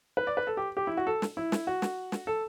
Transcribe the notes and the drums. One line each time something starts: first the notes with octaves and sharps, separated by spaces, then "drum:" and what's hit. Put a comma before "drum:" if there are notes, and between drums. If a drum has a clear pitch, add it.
B4
D5
B4
A4
G4
G4
E4
F#4
A4
drum: snare
E4
drum: snare
F#4
drum: snare
drum: snare
A4